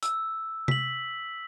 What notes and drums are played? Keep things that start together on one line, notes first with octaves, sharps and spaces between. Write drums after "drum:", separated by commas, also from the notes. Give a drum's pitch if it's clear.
E6, drum: hi-hat
B6 F#7, drum: tom C3